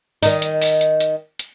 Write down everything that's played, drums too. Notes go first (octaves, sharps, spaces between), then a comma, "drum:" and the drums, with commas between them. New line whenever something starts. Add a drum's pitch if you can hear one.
D#3 D#4, drum: open hi-hat
drum: hi-hat
drum: open hi-hat
drum: hi-hat
drum: hi-hat
drum: hi-hat